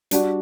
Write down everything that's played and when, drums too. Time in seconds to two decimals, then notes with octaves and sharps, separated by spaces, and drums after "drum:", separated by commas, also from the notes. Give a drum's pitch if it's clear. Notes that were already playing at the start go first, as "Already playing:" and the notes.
0.11 G3 D4 F#4, drum: hi-hat